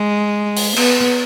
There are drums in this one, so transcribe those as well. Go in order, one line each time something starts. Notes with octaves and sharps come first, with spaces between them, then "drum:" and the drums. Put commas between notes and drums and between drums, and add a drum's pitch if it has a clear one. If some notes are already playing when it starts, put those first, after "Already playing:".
Already playing: G#3
drum: open hi-hat
B3, drum: cymbal